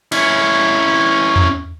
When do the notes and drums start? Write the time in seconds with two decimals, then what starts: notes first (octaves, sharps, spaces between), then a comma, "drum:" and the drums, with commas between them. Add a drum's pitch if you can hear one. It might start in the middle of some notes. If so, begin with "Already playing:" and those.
0.12 C#4 E4, drum: cymbal
1.36 drum: tom E2